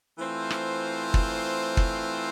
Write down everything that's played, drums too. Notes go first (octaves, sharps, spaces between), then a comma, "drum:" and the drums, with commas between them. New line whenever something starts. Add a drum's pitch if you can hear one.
E3 A3 C4 F4 C5
drum: rim click
drum: kick
drum: kick